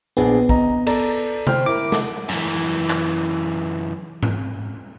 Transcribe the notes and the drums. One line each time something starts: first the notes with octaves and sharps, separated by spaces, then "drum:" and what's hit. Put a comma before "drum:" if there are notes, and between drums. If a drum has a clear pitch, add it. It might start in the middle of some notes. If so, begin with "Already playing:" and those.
A#1 B3 D4 G#4
D#5 A#5, drum: kick
A4 D5 A#5, drum: cymbal
C5 G5 F6, drum: tom C3
E4 A#4 D6
drum: snare
F#2 E3, drum: hi-hat
drum: clap
drum: tom G#2